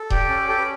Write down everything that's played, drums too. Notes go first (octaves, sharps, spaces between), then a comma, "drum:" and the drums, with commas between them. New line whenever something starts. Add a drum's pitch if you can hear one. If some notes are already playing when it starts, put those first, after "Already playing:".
Already playing: A4
G4 D5, drum: kick D#1
C#4
G4 A4
B4